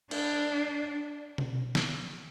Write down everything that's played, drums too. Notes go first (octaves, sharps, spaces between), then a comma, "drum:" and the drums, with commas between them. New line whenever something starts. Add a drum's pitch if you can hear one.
D4, drum: cymbal
drum: tom B2
drum: snare